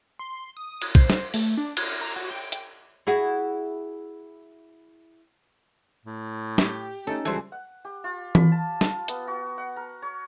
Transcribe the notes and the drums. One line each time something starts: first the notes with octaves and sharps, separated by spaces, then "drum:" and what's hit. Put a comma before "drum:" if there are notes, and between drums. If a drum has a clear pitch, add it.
C6
D#6
drum: cymbal
C5, drum: kick
drum: snare
A3, drum: open hi-hat
D4
F6, drum: cymbal
A#5
F#4
G5
drum: hi-hat
E4 F#4 G#4
A2
G4, drum: snare
A3 C#4 D#4 A4
C#2 E3 G3 A4 C5 G#5
F#5
G4
F4
B5, drum: tom E3
A5
F4, drum: snare
B3, drum: hi-hat
F#4
F#5
A#4
C#5